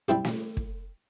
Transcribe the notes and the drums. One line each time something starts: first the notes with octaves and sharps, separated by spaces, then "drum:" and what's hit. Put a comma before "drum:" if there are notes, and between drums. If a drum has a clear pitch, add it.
G3 C4 E4 G4
drum: snare
drum: kick